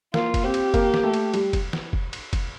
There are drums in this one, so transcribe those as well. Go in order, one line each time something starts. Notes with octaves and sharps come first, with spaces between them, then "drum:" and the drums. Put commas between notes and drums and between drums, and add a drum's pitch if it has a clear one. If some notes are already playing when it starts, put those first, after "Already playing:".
A#3 F4, drum: snare
drum: kick, cymbal
C4 G4
drum: cymbal
A#3, drum: kick, cymbal
drum: snare
A3
drum: cymbal
G3, drum: cymbal
drum: kick, cymbal
drum: snare
drum: kick
drum: cymbal
drum: kick, cymbal